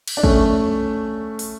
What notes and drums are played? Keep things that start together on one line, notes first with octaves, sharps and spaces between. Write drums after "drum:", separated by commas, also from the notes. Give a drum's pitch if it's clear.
drum: cymbal
D4
A3 C#4, drum: kick
drum: open hi-hat